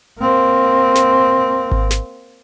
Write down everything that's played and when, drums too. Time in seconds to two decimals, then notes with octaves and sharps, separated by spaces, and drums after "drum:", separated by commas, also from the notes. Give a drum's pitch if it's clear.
0.19 A#3 C4
0.95 drum: snare
1.72 drum: kick G#1
1.91 drum: snare